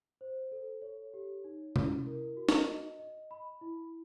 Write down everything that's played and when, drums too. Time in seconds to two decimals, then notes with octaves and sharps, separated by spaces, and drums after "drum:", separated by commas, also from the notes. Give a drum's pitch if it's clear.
0.21 C5
0.52 A4
0.82 C#5
1.14 G4
1.44 D#4
1.76 E4, drum: tom C3
2.06 A#4
2.37 F#4
2.49 drum: snare
2.69 D#5
2.99 D#5
3.31 B5
3.61 E4